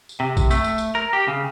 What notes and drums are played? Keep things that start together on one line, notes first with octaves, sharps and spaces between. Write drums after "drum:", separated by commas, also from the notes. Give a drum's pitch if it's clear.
drum: tambourine
C3
drum: kick A#1, tambourine
A3, drum: tambourine
drum: tambourine
drum: tambourine
A#4
G4
C#3